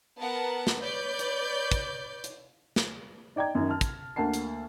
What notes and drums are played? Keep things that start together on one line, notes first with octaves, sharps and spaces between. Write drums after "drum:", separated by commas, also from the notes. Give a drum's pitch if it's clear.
B3 A#4 F#5 A5
drum: snare
B4 C#5 D5 G6
drum: hi-hat
drum: kick, hi-hat
drum: hi-hat
drum: snare
D#4 D5 G5 A#5 G#6
F#2 D#3
A5 F6
drum: kick, hi-hat
D2 A#3 F#5 A5 C7
drum: hi-hat